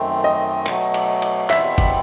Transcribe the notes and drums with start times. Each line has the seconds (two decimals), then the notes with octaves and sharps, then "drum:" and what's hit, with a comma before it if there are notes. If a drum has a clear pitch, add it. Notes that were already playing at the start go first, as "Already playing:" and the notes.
Already playing: F#2 D#3 A3 C4
0.24 D#5
0.66 B2 F#3 A3, drum: clap
0.94 drum: cymbal
1.22 drum: cymbal
1.50 E2 B2 G3 C4 E4 E5, drum: clap
1.78 drum: kick, cymbal